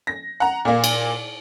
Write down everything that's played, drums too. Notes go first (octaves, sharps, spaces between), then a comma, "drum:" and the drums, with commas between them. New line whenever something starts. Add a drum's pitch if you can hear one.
A#6
F#5 A#5
A#2 A#3
drum: cymbal